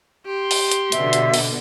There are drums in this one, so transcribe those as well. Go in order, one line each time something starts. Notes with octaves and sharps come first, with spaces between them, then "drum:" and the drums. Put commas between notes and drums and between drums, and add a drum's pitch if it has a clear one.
G4 C6
drum: open hi-hat
drum: hi-hat
B2 D3 E5, drum: hi-hat
drum: hi-hat
drum: open hi-hat